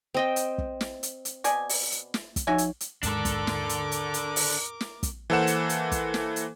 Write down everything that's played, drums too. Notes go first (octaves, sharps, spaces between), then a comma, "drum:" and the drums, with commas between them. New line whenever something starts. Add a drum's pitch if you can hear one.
C4 D#5 G5
drum: hi-hat
drum: kick
drum: snare
drum: hi-hat
drum: hi-hat
B2 D5 G#5, drum: hi-hat
drum: open hi-hat
drum: hi-hat
drum: snare
drum: kick, hi-hat
F3 D#4 F#4 C#5 E5 G#5
drum: hi-hat
drum: hi-hat
D#2 G#2 G#3 D4 A4 A#4 D6, drum: hi-hat
drum: kick, hi-hat
drum: snare
drum: hi-hat
drum: hi-hat
drum: hi-hat
drum: open hi-hat
drum: snare
drum: kick, hi-hat
E3 A#3 A4 C5 F#5 E7
drum: hi-hat
drum: hi-hat
drum: kick, hi-hat
drum: snare
drum: hi-hat